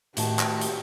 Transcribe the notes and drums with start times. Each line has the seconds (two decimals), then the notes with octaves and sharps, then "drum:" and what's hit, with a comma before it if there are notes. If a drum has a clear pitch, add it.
0.17 A2 D#3 F#4 G4 A5, drum: hi-hat
0.39 drum: clap
0.61 drum: hi-hat